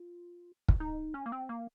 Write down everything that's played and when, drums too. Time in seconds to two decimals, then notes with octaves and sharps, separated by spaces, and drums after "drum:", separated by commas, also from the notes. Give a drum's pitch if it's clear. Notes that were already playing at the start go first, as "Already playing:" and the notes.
Already playing: F4
0.68 drum: kick
0.80 D#4
1.14 C#4
1.26 A#3
1.32 C4
1.49 A#3